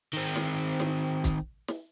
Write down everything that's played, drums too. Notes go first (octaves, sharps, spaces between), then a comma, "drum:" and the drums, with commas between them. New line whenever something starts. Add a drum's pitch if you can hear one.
D#3 C4
drum: snare
drum: snare
drum: kick, hi-hat
drum: snare